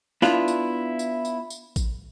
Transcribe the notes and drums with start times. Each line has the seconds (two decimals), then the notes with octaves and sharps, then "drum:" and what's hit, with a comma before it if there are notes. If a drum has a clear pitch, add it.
0.22 B3 D4 E4 F4, drum: snare
0.48 drum: tambourine
0.99 drum: tambourine
1.25 drum: tambourine
1.50 drum: tambourine
1.76 drum: kick A1, tambourine